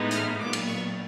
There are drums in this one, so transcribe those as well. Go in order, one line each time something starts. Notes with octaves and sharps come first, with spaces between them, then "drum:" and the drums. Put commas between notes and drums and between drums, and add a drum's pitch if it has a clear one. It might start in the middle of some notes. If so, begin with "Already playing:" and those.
Already playing: A2 E3 G#3 B3 D#4
F6, drum: hi-hat
A#2 F#3 B3 D6
drum: cymbal
C#6